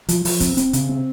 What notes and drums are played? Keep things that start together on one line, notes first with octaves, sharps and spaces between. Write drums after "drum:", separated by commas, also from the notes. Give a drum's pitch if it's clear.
F3, drum: hi-hat
F3, drum: open hi-hat
C4, drum: kick, hi-hat
C4, drum: hi-hat
C#3, drum: hi-hat
C4